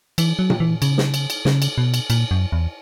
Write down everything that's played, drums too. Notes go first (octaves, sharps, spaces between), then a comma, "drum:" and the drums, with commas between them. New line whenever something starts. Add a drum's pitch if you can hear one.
E3, drum: cymbal
F#3
drum: tom A#2
E3
C#3, drum: cymbal
drum: snare
drum: cymbal
drum: cymbal
C#3, drum: snare
drum: cymbal
B2
drum: cymbal
A#2, drum: cymbal
F#2
E2